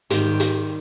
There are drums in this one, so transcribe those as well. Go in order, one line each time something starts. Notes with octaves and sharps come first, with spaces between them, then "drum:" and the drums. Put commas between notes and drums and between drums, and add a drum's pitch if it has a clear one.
G#2 D#3 G3 C4 G4, drum: hi-hat
drum: hi-hat